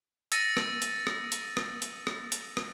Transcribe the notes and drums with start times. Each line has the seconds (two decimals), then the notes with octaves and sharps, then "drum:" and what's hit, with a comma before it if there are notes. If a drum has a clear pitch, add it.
0.32 E6 A6 A#6 C#7 D#7, drum: hi-hat
0.57 drum: rim click
0.82 drum: hi-hat
1.07 drum: rim click
1.32 drum: hi-hat
1.57 drum: rim click
1.82 drum: hi-hat
2.07 drum: rim click
2.32 drum: hi-hat
2.57 drum: rim click